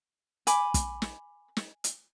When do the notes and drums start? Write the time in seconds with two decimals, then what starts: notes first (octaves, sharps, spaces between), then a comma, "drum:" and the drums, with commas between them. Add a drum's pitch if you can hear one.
0.47 G#5 B5 D6, drum: hi-hat
0.74 drum: kick, hi-hat
1.02 drum: snare
1.57 drum: snare
1.84 drum: hi-hat